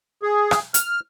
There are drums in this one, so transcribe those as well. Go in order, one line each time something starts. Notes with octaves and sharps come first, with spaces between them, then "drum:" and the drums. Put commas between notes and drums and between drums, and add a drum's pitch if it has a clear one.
G#4
drum: rim click
F6, drum: hi-hat